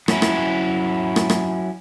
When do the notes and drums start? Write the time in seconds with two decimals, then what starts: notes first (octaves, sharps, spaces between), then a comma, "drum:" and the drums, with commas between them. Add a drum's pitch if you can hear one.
0.08 F#3 C#4 E4, drum: rim click
0.22 drum: rim click
1.16 drum: rim click
1.30 drum: rim click